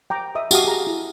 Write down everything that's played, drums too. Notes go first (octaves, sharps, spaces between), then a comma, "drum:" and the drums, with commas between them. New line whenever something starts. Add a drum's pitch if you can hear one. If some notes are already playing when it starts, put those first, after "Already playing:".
G5 A#5 D6
D#5 E5 D#6
F#4 G4 F5 A5 D#6, drum: tambourine
G#4 A#5
E4